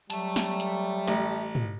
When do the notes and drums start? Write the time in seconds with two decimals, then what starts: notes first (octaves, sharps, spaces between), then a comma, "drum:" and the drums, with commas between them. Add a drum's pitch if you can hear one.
0.10 F#3 G3 E5 A5, drum: hi-hat
0.36 drum: snare
0.60 drum: hi-hat
1.08 A1, drum: hi-hat
1.55 drum: tom